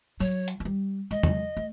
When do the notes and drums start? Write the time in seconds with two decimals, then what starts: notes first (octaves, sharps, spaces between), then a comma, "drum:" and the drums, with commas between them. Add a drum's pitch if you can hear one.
0.20 F#3 C#5
0.48 drum: hi-hat
0.60 G#3
0.65 G3
1.11 G#3 D#5
1.23 drum: tom
1.57 A3